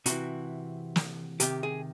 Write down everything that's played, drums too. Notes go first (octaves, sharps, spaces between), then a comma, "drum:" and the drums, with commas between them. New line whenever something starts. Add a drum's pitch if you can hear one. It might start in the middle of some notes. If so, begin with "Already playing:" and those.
C3 E3 F#4, drum: hi-hat
drum: snare
C3 D#3 G4, drum: hi-hat
G#4